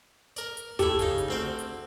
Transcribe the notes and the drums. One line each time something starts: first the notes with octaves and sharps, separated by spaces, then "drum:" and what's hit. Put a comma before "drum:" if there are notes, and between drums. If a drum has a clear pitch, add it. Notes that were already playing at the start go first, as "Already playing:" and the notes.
A#4 D5, drum: hi-hat
drum: hi-hat
A3 E4 G4, drum: kick, hi-hat
C#3 D#4, drum: kick, hi-hat
drum: hi-hat
D2 C4 D5
drum: hi-hat